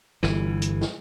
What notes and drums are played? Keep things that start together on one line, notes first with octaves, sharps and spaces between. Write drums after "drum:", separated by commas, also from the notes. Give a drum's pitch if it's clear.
G1 E3, drum: snare
drum: hi-hat
drum: snare